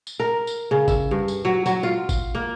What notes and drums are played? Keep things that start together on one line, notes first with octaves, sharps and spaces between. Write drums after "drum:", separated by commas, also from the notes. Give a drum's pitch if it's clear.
drum: tambourine
A#4
drum: tambourine
C#3
E5, drum: kick G#1, tambourine
G2
drum: tambourine
F#3
F#3, drum: tambourine
F4
drum: kick G#1, tambourine
A#3